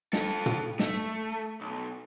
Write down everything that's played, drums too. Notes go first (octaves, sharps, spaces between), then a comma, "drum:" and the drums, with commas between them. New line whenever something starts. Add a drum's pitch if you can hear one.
F4 A4, drum: snare
drum: tom
A3, drum: snare
B1